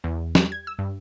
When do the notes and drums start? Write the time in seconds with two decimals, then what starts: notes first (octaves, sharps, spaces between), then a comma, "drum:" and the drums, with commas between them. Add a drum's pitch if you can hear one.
0.04 E2
0.35 G3, drum: snare
0.52 G#6
0.67 E6
0.79 G2